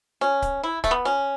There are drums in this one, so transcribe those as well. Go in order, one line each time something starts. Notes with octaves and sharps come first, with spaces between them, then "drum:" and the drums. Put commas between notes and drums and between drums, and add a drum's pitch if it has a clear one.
C#4, drum: snare
drum: kick C#1, hi-hat
E4
A3, drum: kick C#1, hi-hat
B3
C#4, drum: snare